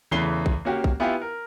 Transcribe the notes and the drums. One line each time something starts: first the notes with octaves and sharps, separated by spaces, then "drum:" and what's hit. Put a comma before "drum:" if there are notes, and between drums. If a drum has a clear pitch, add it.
E2 C#3 E3 A3 C7 G7
drum: kick A#1
A#3 C#4 F#4 G4
drum: kick A#1
B3 E4 F4 G4 F5 G#5
A#4